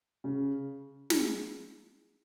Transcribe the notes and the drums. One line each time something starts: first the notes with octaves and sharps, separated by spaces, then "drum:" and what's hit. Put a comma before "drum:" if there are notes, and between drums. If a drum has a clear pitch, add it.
C#3
G#3, drum: snare